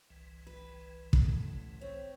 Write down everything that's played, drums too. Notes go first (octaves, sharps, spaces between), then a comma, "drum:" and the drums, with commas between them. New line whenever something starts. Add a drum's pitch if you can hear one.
G1 C2 E3
B4
F#2 A2, drum: kick
C4 C#5